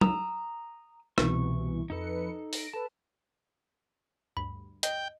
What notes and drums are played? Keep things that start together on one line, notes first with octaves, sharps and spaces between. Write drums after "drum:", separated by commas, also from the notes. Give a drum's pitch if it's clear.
A#5 D#6 E6, drum: tom F#3
C2 B2 E3 C#6, drum: rim click
F2 D#4 A4 B4 C#7
A#6 D7, drum: open hi-hat
A4 B4 A5
D2 G2 B5
D#5 G5, drum: hi-hat